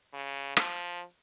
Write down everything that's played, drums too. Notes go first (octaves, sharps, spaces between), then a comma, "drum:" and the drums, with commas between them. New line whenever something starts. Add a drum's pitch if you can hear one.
C#3
F3, drum: rim click